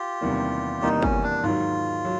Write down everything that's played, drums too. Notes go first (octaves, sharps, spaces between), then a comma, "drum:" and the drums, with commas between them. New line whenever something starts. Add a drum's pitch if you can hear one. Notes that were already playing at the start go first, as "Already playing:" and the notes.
Already playing: F4 G4
E2 C3 D#3 G3 A#3
E2 C3 D#3 G3 A#3 D#4
C#4, drum: kick
D4
G#2 D#3 F#3 F4
F#3